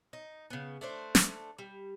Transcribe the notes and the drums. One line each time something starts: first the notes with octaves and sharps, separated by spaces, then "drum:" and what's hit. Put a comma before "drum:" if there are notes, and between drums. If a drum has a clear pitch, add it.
D#4
C#3 B3
A3 D4 C5
drum: snare
G3